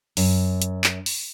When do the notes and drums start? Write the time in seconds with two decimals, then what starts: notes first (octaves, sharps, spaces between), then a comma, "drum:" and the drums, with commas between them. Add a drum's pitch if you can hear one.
0.17 F#2, drum: open hi-hat
0.62 drum: hi-hat
0.84 drum: clap
1.06 drum: open hi-hat